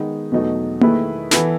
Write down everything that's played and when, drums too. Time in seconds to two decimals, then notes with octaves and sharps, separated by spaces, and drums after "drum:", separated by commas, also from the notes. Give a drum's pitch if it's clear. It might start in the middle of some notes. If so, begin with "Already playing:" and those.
Already playing: D#3 G#3 B3 D#4
0.32 E2 B2 F#3 A3 D#4
0.81 D#3 A3 E4 G#4 B4, drum: tom A#3
1.31 E3 B3 E4 A4, drum: snare